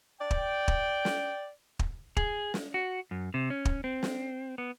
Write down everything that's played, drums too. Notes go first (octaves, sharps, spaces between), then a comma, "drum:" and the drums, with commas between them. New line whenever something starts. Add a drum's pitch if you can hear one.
D5 G5
drum: kick
drum: kick
drum: snare
drum: kick
G#4, drum: kick
drum: snare
F#4
F#2
C3
C#4
drum: kick
C4
drum: snare
B3